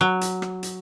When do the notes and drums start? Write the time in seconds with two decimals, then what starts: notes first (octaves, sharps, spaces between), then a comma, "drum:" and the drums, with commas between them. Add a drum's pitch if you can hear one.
0.01 F#3
0.21 drum: hi-hat
0.42 drum: rim click
0.63 drum: hi-hat